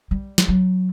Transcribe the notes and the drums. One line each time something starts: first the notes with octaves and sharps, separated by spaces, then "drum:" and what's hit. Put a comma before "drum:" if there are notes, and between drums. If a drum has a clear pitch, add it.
G3
drum: snare
F#3